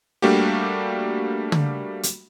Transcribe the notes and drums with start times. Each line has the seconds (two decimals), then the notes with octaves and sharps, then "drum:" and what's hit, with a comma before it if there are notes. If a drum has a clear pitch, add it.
0.22 G3 A3 A#3 D4 F#4 G4
1.52 drum: tom
2.03 drum: hi-hat